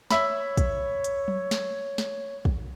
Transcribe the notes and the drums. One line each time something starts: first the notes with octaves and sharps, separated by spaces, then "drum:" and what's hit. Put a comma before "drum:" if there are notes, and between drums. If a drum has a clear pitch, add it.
C#5 E5 B5, drum: snare
drum: kick, hi-hat
drum: hi-hat
drum: tom F#3
drum: snare
drum: snare
drum: kick